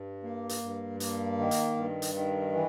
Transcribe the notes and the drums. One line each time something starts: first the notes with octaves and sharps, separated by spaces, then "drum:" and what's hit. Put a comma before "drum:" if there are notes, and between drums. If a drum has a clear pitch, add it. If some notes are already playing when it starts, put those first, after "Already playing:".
Already playing: G2
A#3
drum: hi-hat
G2
A#3, drum: hi-hat
D#3
drum: hi-hat
G2
drum: hi-hat
D#3
E3